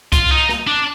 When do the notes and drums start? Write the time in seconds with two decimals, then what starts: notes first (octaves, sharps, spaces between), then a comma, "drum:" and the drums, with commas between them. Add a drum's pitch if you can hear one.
0.12 F4, drum: kick C2, hi-hat
0.31 D#4
0.49 drum: snare
0.67 D4